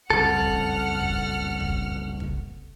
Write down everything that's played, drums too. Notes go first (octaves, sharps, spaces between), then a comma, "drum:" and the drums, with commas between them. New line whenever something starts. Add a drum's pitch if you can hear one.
F#1 C2 F2 A4 F#5 F6
drum: kick
drum: kick
drum: kick
drum: kick